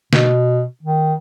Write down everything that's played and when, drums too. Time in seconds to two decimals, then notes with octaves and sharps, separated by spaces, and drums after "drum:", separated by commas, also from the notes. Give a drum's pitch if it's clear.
0.13 B2, drum: snare
0.83 D#3